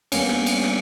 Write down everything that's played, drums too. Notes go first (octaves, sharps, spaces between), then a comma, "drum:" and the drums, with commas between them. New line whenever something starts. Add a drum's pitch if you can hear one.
G3 A#3 B3 C#4, drum: cymbal
drum: rim click
drum: cymbal
drum: rim click